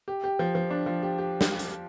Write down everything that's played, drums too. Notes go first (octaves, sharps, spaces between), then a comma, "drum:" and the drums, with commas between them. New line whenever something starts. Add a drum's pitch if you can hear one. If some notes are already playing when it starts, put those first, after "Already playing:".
G4
G4
F3
F3
D4
F3
G4
G4
drum: snare
drum: hi-hat